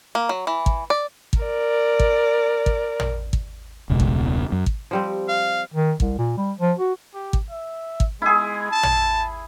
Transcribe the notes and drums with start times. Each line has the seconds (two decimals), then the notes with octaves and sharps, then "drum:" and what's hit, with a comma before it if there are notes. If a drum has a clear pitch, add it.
0.15 A#3
0.29 F#3
0.47 E3
0.66 drum: kick
0.90 D5
1.33 drum: kick
1.42 A#4 D5
2.00 drum: kick
2.66 drum: kick
3.00 drum: tom
3.33 drum: kick
3.90 E1 C#2 B2
4.00 drum: kick
4.52 F#2
4.66 drum: kick
4.91 F3 G3 C4
5.29 F5
5.74 D#3
6.00 C2, drum: kick
6.18 A#2
6.37 G3
6.58 F3
6.79 F#4
7.14 G4
7.33 drum: kick
7.50 E5
8.00 drum: kick
8.22 G#3 E4 G#4
8.71 A5
8.83 drum: tom